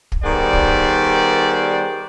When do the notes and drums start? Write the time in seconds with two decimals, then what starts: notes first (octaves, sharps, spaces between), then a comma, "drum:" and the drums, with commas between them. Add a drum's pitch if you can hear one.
0.12 drum: kick
0.24 D#3 G3 B3 G#4 C5 D5
0.53 drum: kick